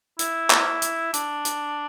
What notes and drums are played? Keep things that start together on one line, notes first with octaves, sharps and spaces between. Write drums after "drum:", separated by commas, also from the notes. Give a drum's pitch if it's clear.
E4, drum: hi-hat
drum: clap
drum: hi-hat
D4, drum: hi-hat
drum: hi-hat